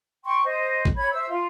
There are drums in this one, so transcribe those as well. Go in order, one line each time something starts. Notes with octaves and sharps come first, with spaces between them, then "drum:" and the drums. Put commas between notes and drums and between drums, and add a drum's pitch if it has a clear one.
G5 C6 C#6
C5 D#5
drum: kick A1
C#5 B5 G#6
C5 E5 E6
F4 C6